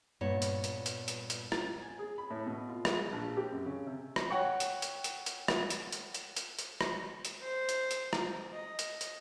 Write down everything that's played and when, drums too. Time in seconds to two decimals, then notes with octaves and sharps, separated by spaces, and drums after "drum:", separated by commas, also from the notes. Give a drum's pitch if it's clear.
0.21 G2 A#2 B3 C#5
0.42 drum: hi-hat
0.64 drum: hi-hat
0.86 drum: hi-hat
1.08 drum: hi-hat
1.30 drum: hi-hat
1.52 drum: rim click
1.82 G#5
1.99 G#4
2.18 B5
2.30 A2
2.46 B2
2.69 F4
2.85 G#3, drum: rim click
3.12 A#1
3.37 G4
3.52 F#2
3.66 C#3
3.86 C3
4.16 drum: rim click
4.30 C#5 F#5 G5 C#6
4.60 drum: hi-hat
4.82 drum: hi-hat
5.04 drum: hi-hat
5.26 drum: hi-hat
5.48 drum: rim click
5.70 drum: hi-hat
5.92 drum: hi-hat
6.14 drum: hi-hat
6.37 drum: hi-hat
6.59 drum: hi-hat
6.81 drum: rim click
7.25 drum: hi-hat
7.42 C5
7.69 drum: hi-hat
7.91 drum: hi-hat
8.13 drum: rim click
8.52 D#5
8.79 drum: hi-hat
9.01 drum: hi-hat